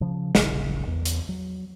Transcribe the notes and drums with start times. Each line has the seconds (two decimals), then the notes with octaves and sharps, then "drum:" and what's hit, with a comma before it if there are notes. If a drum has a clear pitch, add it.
0.01 C#3 F3
0.35 D1 A1 C#3, drum: snare
0.87 E2
1.05 drum: hi-hat
1.29 F#3